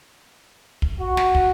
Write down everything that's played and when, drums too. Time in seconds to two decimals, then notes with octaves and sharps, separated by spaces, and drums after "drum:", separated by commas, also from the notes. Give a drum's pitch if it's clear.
0.82 drum: kick
1.00 F#4
1.17 drum: snare
1.35 drum: kick